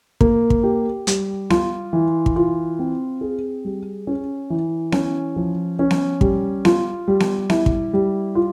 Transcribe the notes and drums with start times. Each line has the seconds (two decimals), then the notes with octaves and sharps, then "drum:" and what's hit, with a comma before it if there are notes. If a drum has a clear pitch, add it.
0.21 A#3, drum: kick
0.50 drum: kick
0.63 G4
1.07 G3, drum: hi-hat
1.50 F4, drum: snare B3
1.93 E3
2.26 drum: kick
2.36 F4
2.79 C4
3.21 G#4
3.65 G3
4.07 C#4
4.50 E3
4.92 C#4, drum: snare B3
5.36 F3
5.79 C#4
5.91 drum: snare B3
6.21 G3, drum: kick
6.65 F4, drum: snare B3
7.08 G3
7.20 drum: snare B3
7.50 E4, drum: snare B3
7.66 drum: kick
7.93 G3
8.35 F4